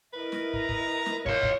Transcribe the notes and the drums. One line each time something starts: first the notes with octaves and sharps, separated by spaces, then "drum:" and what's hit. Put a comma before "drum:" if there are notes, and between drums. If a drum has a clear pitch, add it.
E4 A#4 B4 D#5
drum: snare
A#5, drum: kick
drum: kick
drum: snare
F4 C#5 C6, drum: kick
drum: kick